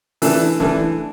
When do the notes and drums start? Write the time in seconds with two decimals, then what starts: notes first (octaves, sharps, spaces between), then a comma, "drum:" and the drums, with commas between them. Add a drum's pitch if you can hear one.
0.22 E3 A3 D4, drum: open hi-hat
0.60 E3 A3 D4, drum: snare